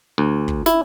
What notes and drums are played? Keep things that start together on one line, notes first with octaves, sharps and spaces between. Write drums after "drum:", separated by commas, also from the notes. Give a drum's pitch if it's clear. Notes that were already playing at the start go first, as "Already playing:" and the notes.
D2
drum: kick
E4, drum: snare